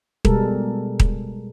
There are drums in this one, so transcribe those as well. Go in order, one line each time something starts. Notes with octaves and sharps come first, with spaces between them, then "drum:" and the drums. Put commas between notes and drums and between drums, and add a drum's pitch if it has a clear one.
B2 G3 G#3 A4 A#4, drum: kick D#1
drum: kick D#1